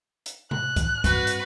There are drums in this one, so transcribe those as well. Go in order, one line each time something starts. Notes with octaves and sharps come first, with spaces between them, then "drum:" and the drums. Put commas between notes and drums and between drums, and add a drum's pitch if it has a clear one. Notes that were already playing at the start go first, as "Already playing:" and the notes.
drum: hi-hat
F#6, drum: tom C3
drum: kick C2, hi-hat
G2 C4 F#4 B4, drum: kick C2, hi-hat
drum: hi-hat